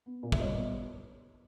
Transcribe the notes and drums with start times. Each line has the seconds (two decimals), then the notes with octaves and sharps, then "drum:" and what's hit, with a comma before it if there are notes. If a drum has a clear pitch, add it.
0.06 B3
0.23 A#2
0.32 E5, drum: kick
0.39 G3 C#5 D#5
0.56 B3